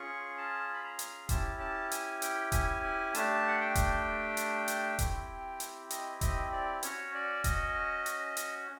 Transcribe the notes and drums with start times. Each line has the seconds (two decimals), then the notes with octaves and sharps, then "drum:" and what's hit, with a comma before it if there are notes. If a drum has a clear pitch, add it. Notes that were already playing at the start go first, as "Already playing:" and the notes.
Already playing: C#4 F4 G#4 C#6
0.38 A5
0.74 B5
0.84 A#5
0.99 drum: hi-hat
1.29 C#4 E4 G4 A5, drum: kick D#1, hi-hat
1.60 A5
1.91 G#5, drum: hi-hat
2.22 G5, drum: hi-hat
2.52 G#5, drum: kick D#1, hi-hat
2.84 G#5
3.15 A3 D4 G4 A5, drum: hi-hat
3.48 F#5
3.61 G5
3.75 drum: kick D#1, hi-hat
4.37 drum: hi-hat
4.68 drum: hi-hat
4.99 C4 E4 G4, drum: kick D#1, hi-hat
5.60 drum: hi-hat
5.90 D#5, drum: hi-hat
6.21 D#5, drum: kick D#1, hi-hat
6.52 D5
6.83 C#4 F#4 C#5, drum: hi-hat
7.14 D5
7.44 D#5, drum: kick D#1, hi-hat
8.06 drum: hi-hat
8.37 drum: hi-hat